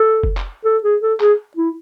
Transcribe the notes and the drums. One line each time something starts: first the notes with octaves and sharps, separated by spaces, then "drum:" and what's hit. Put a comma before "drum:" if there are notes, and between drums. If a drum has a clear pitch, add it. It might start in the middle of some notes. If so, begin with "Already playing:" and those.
Already playing: A4
drum: kick
drum: clap
A4
G#4
A4
G#4, drum: clap
E4